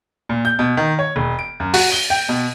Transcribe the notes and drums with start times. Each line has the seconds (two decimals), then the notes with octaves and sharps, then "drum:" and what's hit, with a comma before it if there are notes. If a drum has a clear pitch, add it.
0.29 A#2
0.45 G6
0.59 B2
0.77 D#3
0.99 C#5
1.16 E1
1.39 D7
1.60 F#2
1.74 F#4, drum: open hi-hat
1.92 G7
2.10 G5
2.29 B2